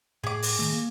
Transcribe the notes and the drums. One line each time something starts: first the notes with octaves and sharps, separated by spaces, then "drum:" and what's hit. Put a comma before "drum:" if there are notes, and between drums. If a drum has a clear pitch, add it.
A2 G#4 D6
drum: open hi-hat
D#3 A3
A#3